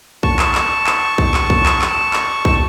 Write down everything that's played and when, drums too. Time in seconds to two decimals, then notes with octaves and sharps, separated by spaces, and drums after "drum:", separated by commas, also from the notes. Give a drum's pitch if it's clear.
0.23 A5 C#6, drum: kick B1
0.39 drum: clap
0.55 drum: clap
0.87 drum: clap
1.18 drum: kick B1
1.34 drum: clap
1.50 drum: kick B1
1.66 drum: clap
1.82 drum: clap
2.13 drum: clap
2.45 drum: kick B1